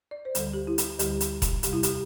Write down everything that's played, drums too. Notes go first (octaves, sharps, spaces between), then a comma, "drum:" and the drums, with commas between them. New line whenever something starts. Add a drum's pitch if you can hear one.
D5
C5
D2 D3 G3 A4, drum: hi-hat
G4
E4
drum: hi-hat
D2 D3 G3 G4, drum: hi-hat
drum: hi-hat
drum: kick E1, hi-hat
E2 C3 G3 G4, drum: hi-hat
E4
G4, drum: hi-hat